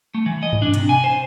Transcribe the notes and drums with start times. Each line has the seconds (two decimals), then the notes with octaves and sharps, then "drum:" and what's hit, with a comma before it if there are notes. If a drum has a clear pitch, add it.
0.14 A3
0.26 E3
0.43 D#5
0.53 drum: tom G2
0.62 D4
0.74 C3, drum: hi-hat
0.89 G#5
1.04 C5